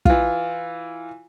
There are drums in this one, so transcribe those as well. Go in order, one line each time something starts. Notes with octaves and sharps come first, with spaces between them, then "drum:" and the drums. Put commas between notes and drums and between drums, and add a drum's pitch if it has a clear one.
E3 F4, drum: kick